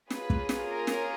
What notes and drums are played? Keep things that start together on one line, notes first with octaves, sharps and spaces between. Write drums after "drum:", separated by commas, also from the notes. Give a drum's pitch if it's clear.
A#3 C#4 F4 G#4 B4, drum: snare
drum: kick
drum: snare
A#4
drum: snare